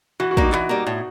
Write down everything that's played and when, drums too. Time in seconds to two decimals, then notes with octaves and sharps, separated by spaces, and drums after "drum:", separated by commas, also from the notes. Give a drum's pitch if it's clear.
0.20 E3 F#4
0.31 F#4
0.37 G3 A#3 D#4, drum: kick
0.52 E3 F#4, drum: clap
0.69 G3 A#3
0.87 A2